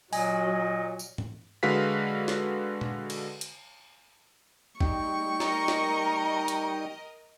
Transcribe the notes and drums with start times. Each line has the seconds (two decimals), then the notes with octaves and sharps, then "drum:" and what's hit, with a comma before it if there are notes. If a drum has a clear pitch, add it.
0.13 A#2 F#3 D#5 G#5, drum: open hi-hat
0.99 drum: tambourine
1.18 drum: tom G#2
1.63 D3 G#3 F#4 B4 F5 B6
2.28 drum: snare
2.81 drum: tom A#2
3.10 drum: cymbal
3.41 drum: hi-hat
4.81 G3 D#4 G5 C#6, drum: kick A1
5.40 A#4 D#5 A#5, drum: snare
5.68 drum: snare
6.48 drum: hi-hat